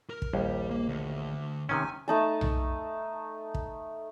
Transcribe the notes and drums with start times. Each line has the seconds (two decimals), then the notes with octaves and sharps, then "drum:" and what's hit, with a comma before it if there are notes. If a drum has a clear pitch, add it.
0.10 A#4
0.22 drum: kick
0.33 A#1 D#2 G3
0.71 A#3
0.89 D2
1.69 C3 D#3 C#4 G#5
2.08 A3 D#4 A5
2.41 drum: tom B1
3.55 drum: kick